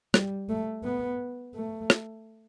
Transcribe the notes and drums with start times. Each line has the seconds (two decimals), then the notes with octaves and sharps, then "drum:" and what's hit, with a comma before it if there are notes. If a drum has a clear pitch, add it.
0.14 G3, drum: rim click
0.49 A3
0.84 B3
1.55 A3
1.90 drum: rim click